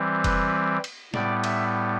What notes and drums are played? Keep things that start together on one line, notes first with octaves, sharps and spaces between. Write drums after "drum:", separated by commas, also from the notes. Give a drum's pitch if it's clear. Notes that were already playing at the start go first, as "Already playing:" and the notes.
Already playing: E3 G3 C4
B4, drum: kick F1, cymbal
drum: cymbal
A2 G3 B3 D5, drum: snare
E5, drum: cymbal